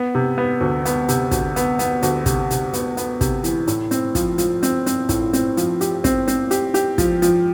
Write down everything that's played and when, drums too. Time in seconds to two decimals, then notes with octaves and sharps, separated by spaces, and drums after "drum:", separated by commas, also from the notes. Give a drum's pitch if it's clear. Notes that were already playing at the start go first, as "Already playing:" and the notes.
Already playing: B3
0.15 C3
0.38 B3
0.61 D2
0.85 B3, drum: hi-hat
1.08 C3, drum: hi-hat
1.31 D2, drum: kick, hi-hat
1.56 B3, drum: hi-hat
1.79 B3, drum: hi-hat
2.02 D2, drum: hi-hat
2.26 C3, drum: kick, hi-hat
2.50 C3, drum: hi-hat
2.73 B3, drum: hi-hat
2.97 B3, drum: hi-hat
3.21 C3, drum: kick, hi-hat
3.44 E3, drum: hi-hat
3.67 A2, drum: hi-hat
3.91 C4, drum: hi-hat
4.15 F3, drum: kick, hi-hat
4.38 F3, drum: hi-hat
4.63 C4, drum: hi-hat
4.86 C4, drum: hi-hat
5.09 A2, drum: kick, hi-hat
5.33 C4, drum: hi-hat
5.57 F3, drum: hi-hat
5.81 G4, drum: hi-hat
6.04 C4, drum: kick, hi-hat
6.28 C4, drum: hi-hat
6.51 G4, drum: hi-hat
6.74 G4, drum: hi-hat
6.98 F3, drum: kick, hi-hat
7.22 F3, drum: hi-hat